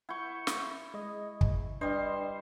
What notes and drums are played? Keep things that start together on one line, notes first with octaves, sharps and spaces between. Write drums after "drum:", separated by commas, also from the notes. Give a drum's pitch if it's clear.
E4 F#5 C#6 G6
drum: snare
G#3 D#5
drum: kick
G3 D4 B4 C5 D#5